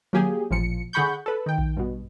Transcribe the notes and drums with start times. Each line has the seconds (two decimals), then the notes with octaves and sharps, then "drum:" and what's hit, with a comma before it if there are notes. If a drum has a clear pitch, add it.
0.13 F#3 A#3 G4 G#4, drum: tom D3
0.51 A1 A#2 F3 C#7
0.93 D3 G#4 F#5 B5 C#6 G6
1.26 A4 B4
1.46 D#3 G5
1.58 drum: kick A#1
1.77 G2 B2